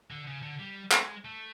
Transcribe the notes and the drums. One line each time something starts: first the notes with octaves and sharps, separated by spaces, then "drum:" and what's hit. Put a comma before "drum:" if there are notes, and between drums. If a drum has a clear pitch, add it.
D3
C#3
D3
G3
G#3, drum: clap
A3